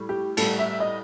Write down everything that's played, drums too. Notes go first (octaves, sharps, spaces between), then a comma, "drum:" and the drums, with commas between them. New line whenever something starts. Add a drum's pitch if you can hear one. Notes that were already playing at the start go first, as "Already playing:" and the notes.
Already playing: A2 G3
G4
A2 G3 A4, drum: cymbal
E5
D#5